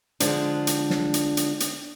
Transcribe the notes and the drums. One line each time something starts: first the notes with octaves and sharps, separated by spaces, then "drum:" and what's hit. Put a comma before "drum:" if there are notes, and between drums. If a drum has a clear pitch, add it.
D3 F3 G#3 D4, drum: hi-hat
drum: hi-hat
drum: snare
drum: hi-hat
drum: hi-hat
drum: hi-hat